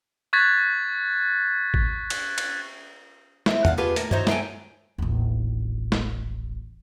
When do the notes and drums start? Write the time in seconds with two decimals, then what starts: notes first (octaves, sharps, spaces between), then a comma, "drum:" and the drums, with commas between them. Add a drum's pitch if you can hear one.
0.33 C#6 F#6 G#6 A6 B6
1.74 drum: kick G#1
2.10 drum: cymbal
2.38 drum: cymbal
3.46 C4 E4, drum: snare
3.65 E2 F5 F#5, drum: tom
3.77 A3 B3 F4 G4 G#4 B4
3.96 D#2 A2 A#3 A#4, drum: hi-hat
4.11 D#4 F#4 C5 C#5 E5, drum: tom G2
4.27 F#3 A4 G5 G#5, drum: snare
4.98 D#1 A1
5.92 drum: snare